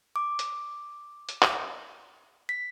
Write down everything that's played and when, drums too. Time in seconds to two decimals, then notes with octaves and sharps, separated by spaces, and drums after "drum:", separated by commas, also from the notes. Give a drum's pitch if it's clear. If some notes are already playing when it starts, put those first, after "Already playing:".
0.16 D6
0.39 drum: hi-hat
1.29 drum: hi-hat
1.42 drum: clap
2.49 B6